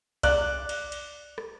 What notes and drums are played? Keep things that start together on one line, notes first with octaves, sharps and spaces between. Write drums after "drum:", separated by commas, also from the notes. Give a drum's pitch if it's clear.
D5 F#6, drum: kick C2, cymbal
drum: cymbal
drum: cymbal
drum: rim click